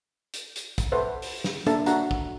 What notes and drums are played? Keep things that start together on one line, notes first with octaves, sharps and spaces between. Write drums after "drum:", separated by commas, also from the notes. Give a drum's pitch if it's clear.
drum: hi-hat
drum: hi-hat
drum: kick, hi-hat
A4 B4 C5 E5 F#5
drum: open hi-hat
drum: snare
A#3 D4 A4 E5 A5, drum: hi-hat
D4 F#4 E5 F#5 A#5, drum: hi-hat
drum: kick